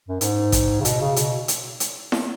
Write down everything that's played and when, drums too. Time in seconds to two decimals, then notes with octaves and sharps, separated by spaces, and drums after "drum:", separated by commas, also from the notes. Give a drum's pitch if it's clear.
0.09 F#2
0.21 G#2, drum: hi-hat
0.52 drum: kick, hi-hat
0.80 C#3
0.85 B2, drum: hi-hat
1.00 C#3
1.16 B2, drum: hi-hat
1.48 drum: hi-hat
1.80 drum: hi-hat
2.12 drum: snare E4